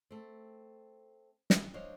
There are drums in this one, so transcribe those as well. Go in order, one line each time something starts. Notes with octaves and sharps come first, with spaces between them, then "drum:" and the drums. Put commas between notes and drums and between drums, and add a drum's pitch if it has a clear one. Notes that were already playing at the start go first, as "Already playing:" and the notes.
A3 C4
drum: snare
D4 C5 C#5 D#5 F5